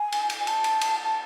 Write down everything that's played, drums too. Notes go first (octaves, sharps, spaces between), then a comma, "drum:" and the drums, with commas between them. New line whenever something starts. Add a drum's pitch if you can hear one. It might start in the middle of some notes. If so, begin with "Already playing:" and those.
Already playing: G#5
drum: cymbal
drum: cymbal
G#5
A5, drum: cymbal
drum: cymbal
drum: cymbal
A5